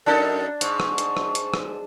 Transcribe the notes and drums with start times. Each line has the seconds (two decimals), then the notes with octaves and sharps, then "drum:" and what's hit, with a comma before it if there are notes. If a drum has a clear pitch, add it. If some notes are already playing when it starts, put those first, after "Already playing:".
0.06 F#2 D4 D#4 A4 A#4
0.61 G#2 C#6, drum: hi-hat
0.80 drum: rim click
0.98 drum: hi-hat
1.17 drum: rim click
1.35 drum: hi-hat
1.54 drum: rim click